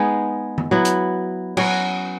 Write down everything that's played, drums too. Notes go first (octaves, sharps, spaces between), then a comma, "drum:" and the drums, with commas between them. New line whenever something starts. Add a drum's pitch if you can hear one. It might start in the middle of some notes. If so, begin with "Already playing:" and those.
Already playing: G#3 B3 D#4 G#4
drum: tom D#3
F#3 B3 E4
drum: hi-hat
F#3 C#4 F#4 B4, drum: cymbal